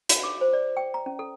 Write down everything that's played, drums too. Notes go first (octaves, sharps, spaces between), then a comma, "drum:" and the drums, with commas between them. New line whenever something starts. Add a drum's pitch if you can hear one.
F#4, drum: hi-hat
D6
C5
D5
G5
A#5
C#4
A4